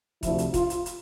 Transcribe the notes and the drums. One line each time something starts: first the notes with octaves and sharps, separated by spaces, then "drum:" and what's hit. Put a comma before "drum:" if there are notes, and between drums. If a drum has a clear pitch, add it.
D2 C3 F3 E4, drum: kick E1, hi-hat
drum: hi-hat
F4, drum: kick E1, hi-hat
drum: hi-hat
drum: hi-hat